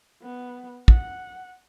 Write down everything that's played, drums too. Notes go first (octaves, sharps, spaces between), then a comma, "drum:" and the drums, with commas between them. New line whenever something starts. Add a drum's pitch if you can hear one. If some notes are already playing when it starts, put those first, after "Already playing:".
B3
F#5, drum: kick